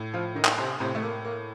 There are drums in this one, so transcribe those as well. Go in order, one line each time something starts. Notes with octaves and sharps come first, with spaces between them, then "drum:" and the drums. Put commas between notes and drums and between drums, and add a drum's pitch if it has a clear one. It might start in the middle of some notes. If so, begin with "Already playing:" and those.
Already playing: A2
F3 F4
D#3 D#4
drum: clap
C3 C4
A2 C3 C4
A3
A#3
A#3